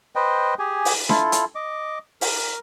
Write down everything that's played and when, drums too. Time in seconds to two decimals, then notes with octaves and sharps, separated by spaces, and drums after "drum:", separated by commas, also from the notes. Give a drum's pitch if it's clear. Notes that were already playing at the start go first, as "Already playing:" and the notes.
0.16 B4 C5 D#5 G5
0.59 G4 G#4 G#5
0.85 drum: open hi-hat
1.09 E4 F4 A4, drum: snare D4
1.32 drum: hi-hat
1.55 D#5 D6
2.21 A#4, drum: open hi-hat